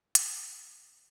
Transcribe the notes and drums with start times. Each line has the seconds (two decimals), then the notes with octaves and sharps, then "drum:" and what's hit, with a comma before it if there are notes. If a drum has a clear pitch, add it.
0.15 C3 G#6, drum: hi-hat
0.39 F#6
0.50 F2
0.57 F#6
0.62 F6
0.86 A3 F#6